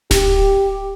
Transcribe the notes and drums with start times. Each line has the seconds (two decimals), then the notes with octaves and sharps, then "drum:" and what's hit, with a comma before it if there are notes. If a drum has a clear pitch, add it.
0.11 G4, drum: snare D1